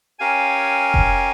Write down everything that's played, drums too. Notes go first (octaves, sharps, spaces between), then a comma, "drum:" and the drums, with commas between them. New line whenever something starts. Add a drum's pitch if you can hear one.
C#4 G4 A#4 F5 G#5
drum: kick F1